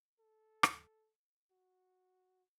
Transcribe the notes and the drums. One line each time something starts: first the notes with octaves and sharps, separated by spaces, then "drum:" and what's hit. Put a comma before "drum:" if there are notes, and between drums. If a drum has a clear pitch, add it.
A4
drum: rim click
F#4